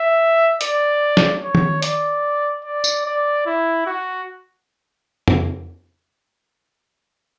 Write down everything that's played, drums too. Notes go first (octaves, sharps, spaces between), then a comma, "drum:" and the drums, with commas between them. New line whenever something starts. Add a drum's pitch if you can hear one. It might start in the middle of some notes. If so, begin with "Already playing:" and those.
Already playing: E5
D5, drum: hi-hat
drum: snare
C#5
drum: tom
D5, drum: hi-hat
D5
drum: tambourine
D5
E4
F#4
drum: tom F2